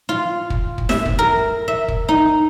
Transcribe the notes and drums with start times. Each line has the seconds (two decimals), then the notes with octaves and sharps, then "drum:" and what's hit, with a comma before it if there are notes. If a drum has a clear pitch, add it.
0.09 F4
0.50 drum: kick
0.78 drum: kick
0.89 E5, drum: snare
1.06 drum: kick
1.19 A#4
1.68 E5
1.88 drum: kick
2.09 D#4